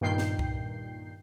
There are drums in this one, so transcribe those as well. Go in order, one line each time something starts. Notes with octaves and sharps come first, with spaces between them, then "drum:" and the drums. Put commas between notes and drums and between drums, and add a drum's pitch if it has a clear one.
G2 A#2 D#3 G5 G6 C7
drum: snare
drum: kick C2